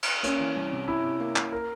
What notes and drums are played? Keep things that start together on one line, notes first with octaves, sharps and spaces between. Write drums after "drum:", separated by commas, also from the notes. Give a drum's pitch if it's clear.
drum: cymbal
A#3 C#4, drum: hi-hat
E3
C2
C3
C3 E4
C3
A#3
A#3, drum: clap
A#4